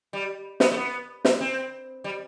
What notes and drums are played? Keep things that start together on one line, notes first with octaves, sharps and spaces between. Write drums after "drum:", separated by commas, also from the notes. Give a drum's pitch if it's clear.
G3
B3, drum: snare
A3
B3
drum: snare
C4
G3